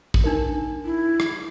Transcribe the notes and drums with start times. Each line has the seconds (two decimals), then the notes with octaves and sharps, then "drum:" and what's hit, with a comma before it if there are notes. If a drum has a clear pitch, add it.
0.14 drum: kick
0.24 D4 D#4 A#4
0.85 E4
1.20 drum: rim click